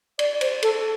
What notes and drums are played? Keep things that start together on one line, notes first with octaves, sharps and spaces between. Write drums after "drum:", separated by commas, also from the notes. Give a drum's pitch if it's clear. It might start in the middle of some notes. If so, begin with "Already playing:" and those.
D5, drum: cymbal
C5, drum: cymbal
A4, drum: cymbal